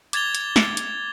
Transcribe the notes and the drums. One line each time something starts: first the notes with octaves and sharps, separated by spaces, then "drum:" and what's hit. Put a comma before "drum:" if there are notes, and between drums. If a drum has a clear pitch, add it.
D6 G#6 A6 F7 G7, drum: hi-hat
drum: hi-hat
drum: snare
drum: hi-hat